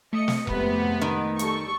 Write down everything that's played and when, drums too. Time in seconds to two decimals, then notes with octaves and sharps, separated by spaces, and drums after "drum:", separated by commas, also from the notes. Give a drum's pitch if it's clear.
0.13 A3 D#5 C#7
0.28 drum: snare
0.47 F2 G#2 C3 B3 B4, drum: kick E1
1.01 D#3
1.39 G3 A4 C#6, drum: hi-hat